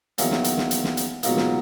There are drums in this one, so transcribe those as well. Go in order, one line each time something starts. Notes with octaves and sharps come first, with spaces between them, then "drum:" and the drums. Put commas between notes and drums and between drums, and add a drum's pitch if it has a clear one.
E2 D#3 F#3 A#3 C#4, drum: hi-hat
drum: snare
drum: hi-hat
drum: snare
drum: hi-hat
drum: snare
drum: hi-hat
C#2 B2 F#3 A#3 D#4, drum: hi-hat
drum: snare